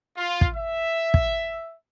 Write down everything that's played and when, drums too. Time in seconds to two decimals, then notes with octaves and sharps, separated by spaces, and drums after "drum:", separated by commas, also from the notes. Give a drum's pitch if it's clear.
0.17 F4
0.41 drum: kick
0.55 E5
1.14 drum: kick